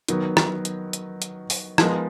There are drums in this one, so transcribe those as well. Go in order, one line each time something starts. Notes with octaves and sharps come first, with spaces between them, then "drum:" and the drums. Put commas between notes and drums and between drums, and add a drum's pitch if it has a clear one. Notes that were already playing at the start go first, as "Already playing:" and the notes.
D#3 F#3 B3, drum: hi-hat
drum: rim click
drum: hi-hat
drum: hi-hat
drum: hi-hat
drum: open hi-hat
F3 G#3 B3 D#4 A#4, drum: rim click